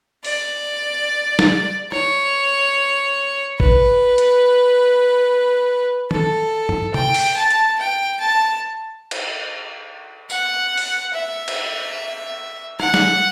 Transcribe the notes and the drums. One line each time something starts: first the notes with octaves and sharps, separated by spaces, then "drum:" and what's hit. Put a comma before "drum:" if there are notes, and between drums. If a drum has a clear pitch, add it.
D5, drum: open hi-hat
drum: snare
C#5, drum: rim click
B4, drum: kick A1
drum: hi-hat
A4, drum: tom
drum: tom G2
G5, drum: tom
drum: open hi-hat
A5
drum: hi-hat
G5
A5
drum: cymbal
F#5, drum: tambourine
drum: open hi-hat
E5
drum: cymbal
F#5, drum: rim click
drum: snare